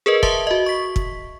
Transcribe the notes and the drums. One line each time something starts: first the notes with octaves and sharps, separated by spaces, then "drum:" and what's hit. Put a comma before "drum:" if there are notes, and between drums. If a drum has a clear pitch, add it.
G#4 A#4 B4 D#5
E5 A5 C6 D#6, drum: kick
F#4 D#5
C#6 B6
drum: kick